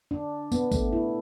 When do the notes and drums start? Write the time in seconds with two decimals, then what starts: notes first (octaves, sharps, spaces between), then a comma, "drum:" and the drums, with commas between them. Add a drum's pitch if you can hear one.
0.11 D4
0.52 B3, drum: tambourine
0.72 A3, drum: kick, tambourine
0.92 E4